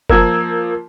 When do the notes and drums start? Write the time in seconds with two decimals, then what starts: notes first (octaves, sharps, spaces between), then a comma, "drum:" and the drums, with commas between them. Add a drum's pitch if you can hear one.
0.10 F3 A#3 A#4 E6 G#6, drum: kick F#1